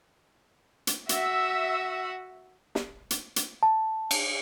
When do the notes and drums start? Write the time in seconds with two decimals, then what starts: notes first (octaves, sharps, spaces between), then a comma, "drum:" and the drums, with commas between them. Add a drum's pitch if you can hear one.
0.87 drum: hi-hat
1.09 F#4 E5, drum: hi-hat
2.75 drum: snare
3.11 drum: hi-hat
3.36 drum: hi-hat
3.63 A5
4.11 drum: cymbal